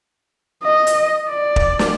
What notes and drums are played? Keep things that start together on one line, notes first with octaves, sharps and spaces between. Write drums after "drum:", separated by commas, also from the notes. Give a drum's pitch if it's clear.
D#5
drum: hi-hat
D5
drum: kick
drum: snare